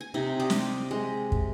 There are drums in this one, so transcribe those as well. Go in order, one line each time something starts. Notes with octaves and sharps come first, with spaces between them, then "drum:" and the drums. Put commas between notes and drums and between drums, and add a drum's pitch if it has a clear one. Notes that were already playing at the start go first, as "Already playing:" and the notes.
G#5
C3 D#4
G4 D5 D#5
drum: snare
G#3
drum: kick